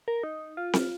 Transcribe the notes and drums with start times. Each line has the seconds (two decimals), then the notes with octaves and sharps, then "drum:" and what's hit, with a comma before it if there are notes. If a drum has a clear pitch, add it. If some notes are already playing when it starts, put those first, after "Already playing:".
0.08 A#4
0.23 D#4
0.57 F4
0.73 drum: snare C4